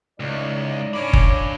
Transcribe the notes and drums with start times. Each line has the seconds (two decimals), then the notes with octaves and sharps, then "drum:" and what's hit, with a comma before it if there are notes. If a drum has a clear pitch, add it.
0.20 C#2 E3 D#4 D5
0.94 C#4 D4 C#5 B5 D6
1.13 drum: kick F#1